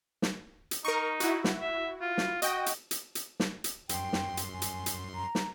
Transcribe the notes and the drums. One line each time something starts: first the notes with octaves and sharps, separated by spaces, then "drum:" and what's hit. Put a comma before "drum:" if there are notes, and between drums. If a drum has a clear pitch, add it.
drum: snare
drum: hi-hat
D#4 A#4 C#6
E4 F#4, drum: hi-hat
drum: snare
E5
F4
drum: snare
F#4 D#5 G5, drum: hi-hat
drum: hi-hat
drum: hi-hat
drum: hi-hat
drum: snare
drum: hi-hat
F#2 G5 C6, drum: hi-hat
drum: snare
drum: hi-hat
G#5
drum: hi-hat
drum: hi-hat
A#5
drum: snare